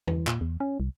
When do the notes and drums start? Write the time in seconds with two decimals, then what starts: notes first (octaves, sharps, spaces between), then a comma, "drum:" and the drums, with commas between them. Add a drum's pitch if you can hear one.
0.07 E3, drum: tom E2
0.27 A#2, drum: clap
0.41 E2
0.60 C#4
0.80 C2